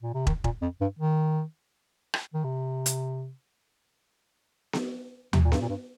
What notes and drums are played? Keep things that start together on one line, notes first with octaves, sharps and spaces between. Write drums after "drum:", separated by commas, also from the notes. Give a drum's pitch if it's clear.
A#2
C3
D#3, drum: kick
A#2, drum: kick
F2
G2
D#3
drum: rim click
D#3
C3
drum: hi-hat
drum: snare B3
C3, drum: tom D#2
A#2
G2, drum: snare B3
A#2
G2